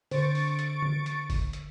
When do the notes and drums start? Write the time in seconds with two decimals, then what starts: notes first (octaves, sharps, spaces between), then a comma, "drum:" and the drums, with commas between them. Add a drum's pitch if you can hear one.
0.11 D3 C5 C#6 A6 D7, drum: open hi-hat
0.35 drum: open hi-hat
0.59 drum: hi-hat
0.82 drum: tom D3
1.06 drum: hi-hat
1.30 drum: kick, open hi-hat
1.53 drum: hi-hat